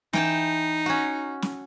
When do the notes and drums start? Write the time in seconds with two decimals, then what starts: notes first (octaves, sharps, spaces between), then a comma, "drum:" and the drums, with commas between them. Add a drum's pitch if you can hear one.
0.13 E3 D#4 G5 A5, drum: snare
0.86 C#4 F#4
1.42 drum: snare